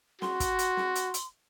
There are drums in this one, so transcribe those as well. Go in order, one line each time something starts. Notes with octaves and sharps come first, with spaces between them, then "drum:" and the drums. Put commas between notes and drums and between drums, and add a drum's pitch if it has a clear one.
F#4 C6, drum: snare
drum: kick, hi-hat
drum: hi-hat
drum: snare
drum: hi-hat
drum: hi-hat